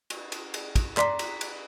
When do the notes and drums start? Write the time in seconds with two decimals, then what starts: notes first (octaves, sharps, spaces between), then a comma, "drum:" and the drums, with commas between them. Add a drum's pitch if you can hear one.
0.10 drum: cymbal
0.32 drum: cymbal
0.54 drum: cymbal
0.76 drum: kick, cymbal
0.97 D5 A#5 C6 B6, drum: clap
1.19 drum: cymbal
1.41 drum: cymbal